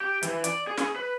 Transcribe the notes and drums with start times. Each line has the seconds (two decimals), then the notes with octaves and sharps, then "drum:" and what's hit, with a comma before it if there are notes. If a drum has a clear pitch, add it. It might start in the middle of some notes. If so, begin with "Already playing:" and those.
0.01 G4
0.23 E3, drum: hi-hat
0.44 D5, drum: hi-hat
0.67 G#4
0.78 drum: snare
0.96 B4